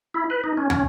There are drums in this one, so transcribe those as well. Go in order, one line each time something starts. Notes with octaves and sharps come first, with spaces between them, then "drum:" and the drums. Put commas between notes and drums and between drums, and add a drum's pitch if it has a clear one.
E4
B4
D#4
C#4
C#4, drum: tom